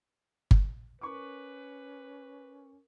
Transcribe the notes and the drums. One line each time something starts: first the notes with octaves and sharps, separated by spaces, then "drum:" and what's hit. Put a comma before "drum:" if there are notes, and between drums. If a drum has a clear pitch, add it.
drum: kick G1
C#4 A#4 B4 C#6 D6